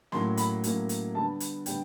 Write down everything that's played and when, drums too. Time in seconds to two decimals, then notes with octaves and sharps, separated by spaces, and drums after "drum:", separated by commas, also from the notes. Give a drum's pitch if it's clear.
0.12 A2 F#3 A#3 C#4 C6, drum: snare
0.37 B5, drum: hi-hat
0.64 A2 F#3 A#3 C#4, drum: hi-hat
0.89 drum: hi-hat
1.15 D3 G3 B3 A5
1.40 drum: hi-hat
1.66 D3 G3 B3 G5, drum: hi-hat